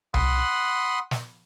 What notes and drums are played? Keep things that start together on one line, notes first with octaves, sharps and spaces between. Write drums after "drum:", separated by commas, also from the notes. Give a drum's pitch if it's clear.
F#5 B5 C6 D#6 F#6, drum: tom C2
drum: snare